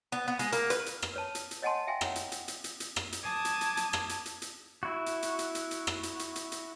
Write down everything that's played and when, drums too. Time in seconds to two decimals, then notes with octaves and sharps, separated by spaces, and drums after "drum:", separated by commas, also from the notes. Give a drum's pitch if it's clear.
0.12 B3
0.28 B3
0.39 G#3, drum: hi-hat
0.53 A#3, drum: hi-hat
0.70 B4, drum: hi-hat
0.86 drum: hi-hat
1.02 drum: rim click
1.13 B4 C#5 A5
1.35 drum: hi-hat
1.51 drum: hi-hat
1.62 C#5 D#5 F#5 G#5 A5 C6
1.87 E5 F5 G5 G#5 C6
2.01 E4 C#5 F#5, drum: rim click
2.16 drum: hi-hat
2.32 drum: hi-hat
2.48 drum: hi-hat
2.64 drum: hi-hat
2.80 drum: hi-hat
2.96 drum: rim click
3.12 drum: hi-hat
3.23 A5 D6 D#6 G#6
3.45 drum: hi-hat
3.61 drum: hi-hat
3.77 drum: hi-hat
3.93 drum: rim click
4.09 drum: hi-hat
4.26 drum: hi-hat
4.42 drum: hi-hat
4.83 E4 F#4
5.06 drum: hi-hat
5.22 drum: hi-hat
5.39 drum: hi-hat
5.55 drum: hi-hat
5.71 drum: hi-hat
5.87 drum: rim click
6.03 drum: hi-hat
6.19 drum: hi-hat
6.36 drum: hi-hat
6.52 drum: hi-hat